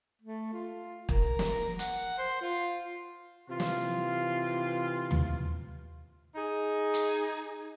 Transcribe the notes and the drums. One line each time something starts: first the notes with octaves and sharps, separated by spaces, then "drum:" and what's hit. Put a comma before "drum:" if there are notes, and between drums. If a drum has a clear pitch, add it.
A3
F4
A#4, drum: kick
drum: snare
F#5, drum: hi-hat
C5
F4
C3 E3 F4
drum: snare
drum: tom
D#4 G#4
drum: hi-hat